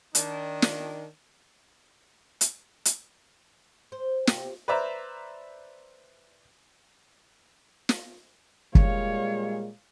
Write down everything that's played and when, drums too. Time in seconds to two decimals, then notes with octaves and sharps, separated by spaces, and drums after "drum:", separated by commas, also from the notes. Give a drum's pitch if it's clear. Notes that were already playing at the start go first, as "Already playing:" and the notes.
0.15 D#3 D4, drum: hi-hat
0.62 drum: snare
2.41 drum: hi-hat
2.85 drum: hi-hat
3.92 C5
4.27 C3, drum: snare
4.68 B4 C5 D5 E5 A#5
7.89 drum: snare
8.75 A#2 G3 G#3 C#5 F5, drum: kick